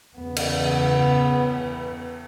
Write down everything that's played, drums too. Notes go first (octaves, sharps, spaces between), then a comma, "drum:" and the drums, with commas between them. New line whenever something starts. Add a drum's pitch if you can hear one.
E2 C#3 B3
drum: cymbal